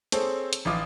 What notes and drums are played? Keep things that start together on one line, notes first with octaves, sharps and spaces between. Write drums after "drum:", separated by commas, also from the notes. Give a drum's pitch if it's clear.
C4 G#4 A4 C5 C#5, drum: hi-hat
drum: hi-hat
A1 F3 F4 D6 D#6